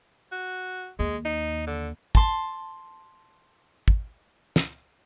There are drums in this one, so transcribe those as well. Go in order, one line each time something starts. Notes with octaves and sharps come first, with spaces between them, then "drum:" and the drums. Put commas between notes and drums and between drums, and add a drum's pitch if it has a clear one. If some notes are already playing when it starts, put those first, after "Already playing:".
F#4
D#2 G#3
D#4
D3
A5 C6, drum: kick
drum: kick
drum: snare